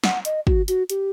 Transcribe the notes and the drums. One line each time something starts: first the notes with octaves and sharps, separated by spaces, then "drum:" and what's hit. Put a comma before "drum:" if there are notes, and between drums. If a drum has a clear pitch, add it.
F#5, drum: snare
D#5, drum: hi-hat
F#4, drum: kick
F#4, drum: hi-hat
G4, drum: hi-hat